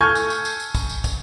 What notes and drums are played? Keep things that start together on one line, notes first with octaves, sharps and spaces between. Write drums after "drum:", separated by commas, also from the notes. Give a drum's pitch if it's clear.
A4 G#5 C#6 F6 G6 G#6
drum: tambourine
drum: tambourine
drum: tambourine
drum: tambourine
drum: kick, tambourine
drum: tambourine
drum: kick, tambourine